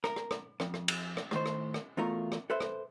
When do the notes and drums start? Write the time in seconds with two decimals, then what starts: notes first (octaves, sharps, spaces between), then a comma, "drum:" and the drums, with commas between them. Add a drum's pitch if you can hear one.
0.04 A#4, drum: rim click
0.16 drum: rim click
0.31 drum: rim click
0.60 F2, drum: rim click
0.74 drum: rim click
0.88 drum: cymbal
1.17 drum: rim click
1.31 A2 D#3 C5, drum: rim click
1.46 drum: rim click
1.74 drum: rim click
1.97 E2 B2 A3 F4 A#4 A#5
2.32 drum: rim click
2.50 A4 B4 C5 E5
2.60 drum: rim click